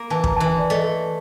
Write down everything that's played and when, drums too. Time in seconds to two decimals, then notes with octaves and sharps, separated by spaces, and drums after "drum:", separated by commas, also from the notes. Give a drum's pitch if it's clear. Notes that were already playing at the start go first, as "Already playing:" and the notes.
Already playing: A#3
0.10 E3 A5
0.24 A#5, drum: kick
0.36 E3 A5
0.59 D5
0.70 A3 D#5